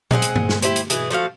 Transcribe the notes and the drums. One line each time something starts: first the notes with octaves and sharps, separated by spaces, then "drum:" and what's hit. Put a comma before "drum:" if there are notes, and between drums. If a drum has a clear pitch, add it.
G#3 C4 G#4 F#5, drum: tom A#2
drum: hi-hat
drum: tom G2
drum: snare
E4 G4 C5, drum: hi-hat
drum: hi-hat
B2 E3 G#4, drum: hi-hat
F3 A3 F#4 F5